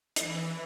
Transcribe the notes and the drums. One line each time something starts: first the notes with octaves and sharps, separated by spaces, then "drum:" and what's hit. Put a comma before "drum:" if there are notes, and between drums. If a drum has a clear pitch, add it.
E3, drum: hi-hat